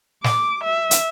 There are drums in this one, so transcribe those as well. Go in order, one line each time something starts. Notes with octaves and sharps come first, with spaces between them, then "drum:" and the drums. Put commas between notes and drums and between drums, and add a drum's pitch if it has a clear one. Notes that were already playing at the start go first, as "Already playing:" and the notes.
D6, drum: snare
E5
drum: hi-hat